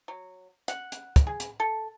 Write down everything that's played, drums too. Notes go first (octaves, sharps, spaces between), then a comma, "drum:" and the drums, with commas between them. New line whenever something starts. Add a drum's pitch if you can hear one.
F#3
F#5, drum: hi-hat
drum: hi-hat
drum: kick, hi-hat
G#4
drum: hi-hat
A4